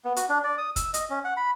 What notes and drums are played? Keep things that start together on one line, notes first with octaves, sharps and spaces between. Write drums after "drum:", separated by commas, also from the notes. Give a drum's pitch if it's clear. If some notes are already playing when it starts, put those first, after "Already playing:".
B3
F#4, drum: hi-hat
D4
D5
D#6
E6, drum: kick, hi-hat
D#5, drum: hi-hat
C#4
F#5
B5